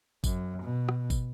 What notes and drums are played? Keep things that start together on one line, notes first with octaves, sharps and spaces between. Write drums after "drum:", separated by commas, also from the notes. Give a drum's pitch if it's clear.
F#2, drum: kick G#1, tambourine
B2
drum: rim click
drum: kick G#1, tambourine